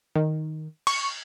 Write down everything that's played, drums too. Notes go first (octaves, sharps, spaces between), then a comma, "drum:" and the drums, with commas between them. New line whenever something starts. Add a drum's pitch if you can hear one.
D#3
C#6, drum: cymbal